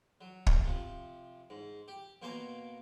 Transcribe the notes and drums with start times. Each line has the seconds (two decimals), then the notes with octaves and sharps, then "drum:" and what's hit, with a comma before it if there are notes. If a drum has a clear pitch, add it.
0.21 F#3
0.47 drum: kick
0.64 C3 F3
1.50 G#2
1.88 G4
2.22 B2 A#3 C5 G#5 A#5 D6